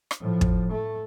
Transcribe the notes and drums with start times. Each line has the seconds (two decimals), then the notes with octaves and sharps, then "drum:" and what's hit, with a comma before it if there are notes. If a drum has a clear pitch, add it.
0.11 drum: rim click
0.22 A2 F3
0.41 drum: kick
0.72 A3